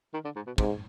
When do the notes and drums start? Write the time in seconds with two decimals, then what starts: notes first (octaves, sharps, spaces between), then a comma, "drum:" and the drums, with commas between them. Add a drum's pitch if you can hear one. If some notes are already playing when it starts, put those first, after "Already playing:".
0.14 D#3
0.25 D3
0.36 G#2
0.47 B2
0.58 G#2 C3, drum: kick